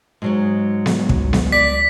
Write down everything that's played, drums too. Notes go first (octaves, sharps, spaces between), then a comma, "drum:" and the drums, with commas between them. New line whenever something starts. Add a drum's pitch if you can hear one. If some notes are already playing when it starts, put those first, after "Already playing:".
G#2 F#3 G#3
drum: snare B3
C#2, drum: kick
drum: snare B3
D5 B6